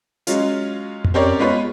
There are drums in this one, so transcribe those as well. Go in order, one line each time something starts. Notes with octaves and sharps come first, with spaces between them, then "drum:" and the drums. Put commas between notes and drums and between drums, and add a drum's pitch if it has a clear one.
F#3 G#3 C#4 F4, drum: hi-hat
drum: tom F2
C4 C#4 G4 A#4 C#5 D5
G#3 B3 F4 B4 C#5